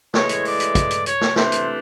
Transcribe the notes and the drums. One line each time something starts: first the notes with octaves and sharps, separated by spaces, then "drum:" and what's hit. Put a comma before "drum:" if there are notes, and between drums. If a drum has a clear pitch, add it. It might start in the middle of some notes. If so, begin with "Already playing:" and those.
A2 E3 G#3 C#5, drum: snare
drum: hi-hat
D5, drum: open hi-hat
drum: hi-hat
drum: kick, hi-hat
drum: hi-hat
C#5, drum: hi-hat
drum: snare
C3 E3 A3 D4 C5, drum: snare
drum: hi-hat